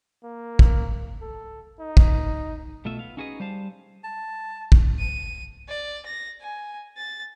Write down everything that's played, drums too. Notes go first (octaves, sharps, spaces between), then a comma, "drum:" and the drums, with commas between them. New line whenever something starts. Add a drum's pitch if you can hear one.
A#3
drum: kick
A4
D#4
drum: kick
B2 A3 F4 E5
B3 F5
C#4 D#4 F#4 G#4 B4 D#5
G3 C5 F5 A5
A5
drum: kick
D#7
D5
A#6
G#5
A6